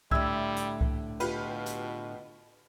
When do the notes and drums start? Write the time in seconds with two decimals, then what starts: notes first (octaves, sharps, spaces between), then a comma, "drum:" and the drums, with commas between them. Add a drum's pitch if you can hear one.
0.11 A2 D3 G3 E5 E6 G#6, drum: kick C2
0.56 drum: hi-hat
0.81 drum: kick C2
1.20 B2 F4 G4 B4, drum: cymbal
1.66 drum: hi-hat